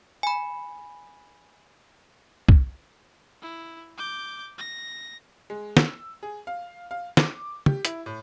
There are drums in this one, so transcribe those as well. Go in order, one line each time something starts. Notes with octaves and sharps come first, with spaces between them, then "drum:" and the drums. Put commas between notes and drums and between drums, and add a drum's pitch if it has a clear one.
G#5 B5
drum: kick
E4
D6 G6
A#6
G#3
E6, drum: snare
G#4
F5
F5
D6, drum: snare
G4, drum: tom
E4, drum: hi-hat
A2